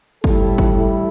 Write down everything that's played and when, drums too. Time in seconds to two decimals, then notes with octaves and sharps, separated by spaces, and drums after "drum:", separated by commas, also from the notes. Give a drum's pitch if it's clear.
0.24 A2 G3 E4 A4, drum: kick
0.58 drum: kick
0.75 E4 A4